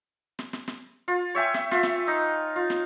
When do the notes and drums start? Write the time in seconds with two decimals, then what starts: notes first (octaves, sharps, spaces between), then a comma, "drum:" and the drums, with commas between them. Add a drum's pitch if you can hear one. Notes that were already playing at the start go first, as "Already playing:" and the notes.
0.39 drum: snare
0.53 drum: snare
0.68 drum: snare
1.08 F4
1.35 C#5 E5 G5 G#5
1.54 E5, drum: snare
1.71 F4 E5, drum: snare
1.83 drum: snare
2.07 D#4
2.56 F4
2.70 drum: snare